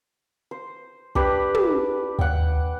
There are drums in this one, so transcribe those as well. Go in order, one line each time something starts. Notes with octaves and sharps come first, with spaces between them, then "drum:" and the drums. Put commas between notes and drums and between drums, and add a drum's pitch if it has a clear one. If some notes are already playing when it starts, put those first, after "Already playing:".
C5
D4 G4 B4, drum: kick
drum: tom
D#2 F#5 G5